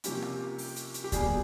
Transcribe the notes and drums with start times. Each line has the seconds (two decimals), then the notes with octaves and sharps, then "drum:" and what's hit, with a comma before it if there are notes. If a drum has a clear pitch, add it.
0.04 C3 F3 A#3 C#4 G4, drum: hi-hat
0.22 drum: rim click
0.58 drum: open hi-hat
0.76 drum: hi-hat
0.94 drum: hi-hat
1.04 G4
1.12 B2 G3 A#3 D4 G#4, drum: kick D2, hi-hat